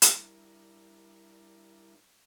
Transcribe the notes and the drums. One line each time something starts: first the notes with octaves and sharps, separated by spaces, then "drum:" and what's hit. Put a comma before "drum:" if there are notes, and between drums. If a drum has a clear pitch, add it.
G3 D4 E4 A#4, drum: hi-hat